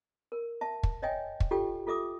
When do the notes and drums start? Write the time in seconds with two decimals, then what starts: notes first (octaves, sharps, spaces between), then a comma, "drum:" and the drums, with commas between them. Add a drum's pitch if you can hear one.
0.32 A#4
0.61 E5 A5
0.83 drum: kick
1.02 C#5 D#5 E5 G5 G#5
1.40 drum: kick
1.51 F4 G4 A4 G5
1.87 F4 A4 E5 D6 D#6